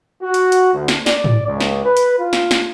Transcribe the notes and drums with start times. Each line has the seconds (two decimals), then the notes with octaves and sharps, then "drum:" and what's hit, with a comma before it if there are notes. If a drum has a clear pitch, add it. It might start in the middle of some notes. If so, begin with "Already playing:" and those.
0.23 F#4
0.34 drum: hi-hat
0.52 drum: hi-hat
0.74 D2
0.88 drum: snare
1.06 D5, drum: snare
1.24 drum: tom G#2
1.46 C#2
1.60 drum: snare
1.85 B4
1.97 drum: hi-hat
2.18 F4
2.33 drum: snare
2.51 drum: snare